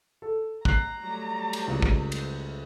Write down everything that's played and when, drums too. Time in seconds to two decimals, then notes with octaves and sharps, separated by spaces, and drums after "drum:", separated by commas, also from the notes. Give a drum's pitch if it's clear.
0.22 A4
0.65 A#5 F#6 C7, drum: kick
1.00 F#3 G3 A3
1.53 drum: cymbal
1.68 C#2
1.82 drum: kick
2.12 drum: cymbal